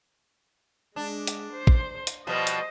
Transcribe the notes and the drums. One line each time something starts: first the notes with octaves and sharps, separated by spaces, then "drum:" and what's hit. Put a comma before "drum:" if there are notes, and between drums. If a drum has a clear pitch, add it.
G#3 D4
drum: hi-hat
C5
drum: kick A1
drum: hi-hat
B2 F3 G3 C5 D#5
drum: hi-hat